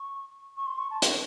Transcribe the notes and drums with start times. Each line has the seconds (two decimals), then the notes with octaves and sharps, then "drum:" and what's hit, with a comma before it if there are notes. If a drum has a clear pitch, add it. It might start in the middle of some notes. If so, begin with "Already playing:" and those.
Already playing: C#6
0.57 C#6
0.66 C6
0.78 C#6
0.91 A5
1.02 drum: hi-hat